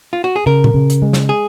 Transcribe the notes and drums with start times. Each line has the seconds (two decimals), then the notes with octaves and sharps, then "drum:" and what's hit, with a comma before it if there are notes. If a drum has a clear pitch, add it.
0.13 F4
0.24 F#4
0.36 G#4
0.46 C#3 A#4
0.64 drum: tom A#2
0.74 C#3
0.90 drum: hi-hat
1.02 G#3
1.13 drum: snare
1.29 G#4